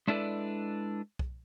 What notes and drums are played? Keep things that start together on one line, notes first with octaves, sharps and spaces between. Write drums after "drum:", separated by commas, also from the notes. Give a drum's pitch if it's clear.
G#3 D4 E4 A4 B4 D5
drum: kick